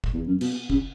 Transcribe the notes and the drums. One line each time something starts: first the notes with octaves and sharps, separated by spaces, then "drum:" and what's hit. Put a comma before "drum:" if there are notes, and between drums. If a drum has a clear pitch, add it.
drum: kick
E2
F#2
B2, drum: cymbal
C#3, drum: kick